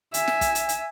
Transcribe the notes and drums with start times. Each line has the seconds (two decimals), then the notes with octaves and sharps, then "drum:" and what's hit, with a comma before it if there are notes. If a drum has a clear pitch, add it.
0.14 E5 G#5, drum: hi-hat
0.27 drum: snare
0.41 drum: kick, hi-hat
0.55 drum: hi-hat
0.69 drum: hi-hat